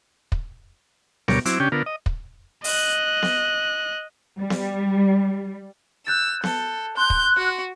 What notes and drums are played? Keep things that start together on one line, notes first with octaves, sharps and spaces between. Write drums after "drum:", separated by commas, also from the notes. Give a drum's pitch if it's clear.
drum: kick
D2 B2 G3 A#4 C#5 D6, drum: snare B3
F#3 C4 E4 D6, drum: hi-hat
C#3 C#4 D4 G4 G5
D3 B3 F4 A#4
D#5
drum: kick
D#5 F#6, drum: open hi-hat
drum: snare B3
G3
drum: snare B3
E6 F#6 G6 A6
A4, drum: snare B3
C6 F#6 G6
drum: kick
F#4